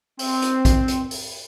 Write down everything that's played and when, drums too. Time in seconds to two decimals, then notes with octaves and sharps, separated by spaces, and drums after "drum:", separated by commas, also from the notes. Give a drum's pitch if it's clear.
0.19 C4, drum: open hi-hat
0.42 drum: hi-hat
0.65 drum: kick A#1, hi-hat
0.88 drum: hi-hat
1.11 drum: open hi-hat